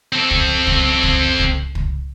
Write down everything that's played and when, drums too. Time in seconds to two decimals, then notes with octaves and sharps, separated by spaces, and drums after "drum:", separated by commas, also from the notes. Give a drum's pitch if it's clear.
0.13 C4 A4
0.31 drum: kick
0.67 drum: kick
1.03 drum: kick
1.39 drum: kick
1.75 drum: kick